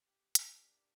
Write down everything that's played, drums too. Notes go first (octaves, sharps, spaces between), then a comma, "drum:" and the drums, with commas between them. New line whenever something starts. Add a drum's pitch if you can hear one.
G4 F#6
D4 E4 F#4 E5, drum: hi-hat
A#3 D4 G4